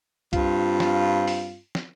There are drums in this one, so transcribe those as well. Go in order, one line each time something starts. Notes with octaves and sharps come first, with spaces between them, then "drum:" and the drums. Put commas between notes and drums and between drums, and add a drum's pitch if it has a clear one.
G2 C4 F4, drum: kick C2, hi-hat
drum: snare
drum: open hi-hat
drum: snare